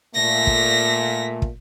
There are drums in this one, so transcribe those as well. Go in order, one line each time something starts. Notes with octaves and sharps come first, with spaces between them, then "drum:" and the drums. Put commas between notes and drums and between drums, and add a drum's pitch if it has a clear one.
A#2 A3 A#6 B6
drum: kick
drum: kick